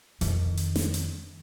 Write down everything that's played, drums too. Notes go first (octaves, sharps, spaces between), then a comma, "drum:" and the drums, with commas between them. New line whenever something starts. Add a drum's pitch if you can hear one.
F2 D#3, drum: hi-hat
drum: hi-hat
drum: snare
drum: hi-hat